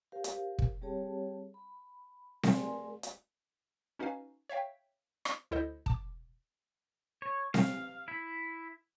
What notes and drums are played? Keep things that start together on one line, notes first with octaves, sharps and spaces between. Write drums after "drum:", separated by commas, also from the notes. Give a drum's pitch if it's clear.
G4 A#4 C5 F5
drum: hi-hat
drum: kick
G3 C4 G4 G#4 C#5 A5
B5
A3 G#4 A#4 D5 G#5 C6, drum: snare C4
drum: hi-hat
C#4 D#4 F#4 B4 F5 G#5
C#5 E5 F5 G5
drum: rim click
D2 E4 A4 C5 D#5
A5 D6, drum: kick
C#5
F5, drum: snare C4
E4